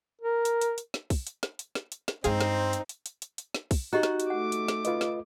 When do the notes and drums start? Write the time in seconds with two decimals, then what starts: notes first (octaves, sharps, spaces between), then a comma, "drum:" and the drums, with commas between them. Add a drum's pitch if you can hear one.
0.21 A#4
0.45 drum: hi-hat
0.61 drum: hi-hat
0.78 drum: hi-hat
0.94 drum: snare
1.10 drum: kick, open hi-hat
1.27 drum: hi-hat
1.43 drum: snare
1.59 drum: hi-hat
1.75 drum: snare
1.92 drum: hi-hat
2.08 drum: snare
2.24 G2 G#3 C4 D#4 G#4 C5 F5, drum: hi-hat
2.41 drum: snare
2.73 drum: hi-hat
2.89 drum: hi-hat
3.06 drum: hi-hat
3.22 drum: hi-hat
3.38 drum: hi-hat
3.54 drum: snare
3.71 drum: kick, open hi-hat
3.93 D#4 F#4 G4 D#5 A#5 F#6
4.03 drum: snare
4.20 drum: hi-hat
4.30 A3 F#5 D6
4.52 drum: hi-hat
4.68 drum: snare
4.85 F4 B4 D#5, drum: hi-hat
5.01 drum: snare